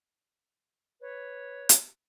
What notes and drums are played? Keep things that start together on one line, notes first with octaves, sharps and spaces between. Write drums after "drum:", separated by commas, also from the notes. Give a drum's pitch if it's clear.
B4 C#5
drum: hi-hat